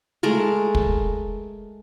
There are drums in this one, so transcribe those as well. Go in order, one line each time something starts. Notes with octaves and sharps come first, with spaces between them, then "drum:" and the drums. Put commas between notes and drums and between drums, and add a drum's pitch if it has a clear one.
G#3 A3 A4 A#4
drum: kick